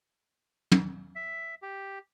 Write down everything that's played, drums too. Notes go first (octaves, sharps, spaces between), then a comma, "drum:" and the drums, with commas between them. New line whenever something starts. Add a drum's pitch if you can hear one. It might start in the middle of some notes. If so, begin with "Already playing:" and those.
drum: tom
E5
G4